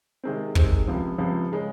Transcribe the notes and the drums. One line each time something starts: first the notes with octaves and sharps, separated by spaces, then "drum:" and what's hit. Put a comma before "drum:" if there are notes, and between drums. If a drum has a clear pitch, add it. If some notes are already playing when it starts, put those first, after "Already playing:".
C3 D#3 G#3 C4
C3 D#3 G#3 C4, drum: kick
C#2 C3 F3
C#2 C3 F3
C#3 G#3 C#4